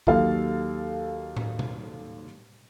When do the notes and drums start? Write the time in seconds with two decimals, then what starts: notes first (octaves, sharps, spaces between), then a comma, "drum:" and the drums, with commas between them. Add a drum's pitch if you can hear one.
0.07 D#2 F#3 A4 F5, drum: kick A#1
1.37 drum: tom
1.59 drum: tom B2